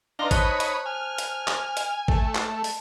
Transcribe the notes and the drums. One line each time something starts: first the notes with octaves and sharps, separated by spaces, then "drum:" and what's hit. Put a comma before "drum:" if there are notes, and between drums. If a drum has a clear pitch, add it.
D4 D#4 B4 F5 A#5 C6 G7
C5 C#5 A5 B5 D#6 F#6, drum: kick, hi-hat
drum: hi-hat
G#5 F6
drum: hi-hat
drum: clap
drum: hi-hat
A3, drum: kick
drum: clap
A5
drum: open hi-hat